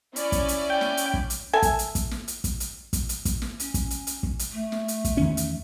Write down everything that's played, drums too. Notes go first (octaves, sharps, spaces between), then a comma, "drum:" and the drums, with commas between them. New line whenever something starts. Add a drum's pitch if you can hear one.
C#4 E4 D5, drum: hi-hat
drum: kick, hi-hat
drum: hi-hat
G5 G6
drum: snare
drum: hi-hat
drum: kick
drum: hi-hat
A4 E5 G#5
drum: kick, hi-hat
drum: hi-hat
drum: kick, hi-hat
drum: snare
drum: hi-hat
drum: kick, hi-hat
drum: hi-hat
drum: kick, hi-hat
drum: hi-hat
drum: kick, hi-hat
drum: snare
C#4, drum: hi-hat
drum: kick, hi-hat
drum: hi-hat
drum: hi-hat
drum: kick
drum: hi-hat
A3
drum: snare
drum: hi-hat
drum: kick, hi-hat
E2 D#3 C#4
drum: hi-hat